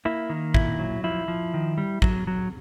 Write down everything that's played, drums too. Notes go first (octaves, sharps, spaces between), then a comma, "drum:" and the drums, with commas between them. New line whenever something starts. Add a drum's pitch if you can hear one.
A#3 E4
D#3
A#2 E4, drum: kick
F#3
F3 E4
F3
D#3
G3
F#3, drum: kick
F#3